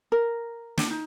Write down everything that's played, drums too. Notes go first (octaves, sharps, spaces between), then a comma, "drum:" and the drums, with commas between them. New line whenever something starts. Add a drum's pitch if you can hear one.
A#4
D4, drum: snare
D#4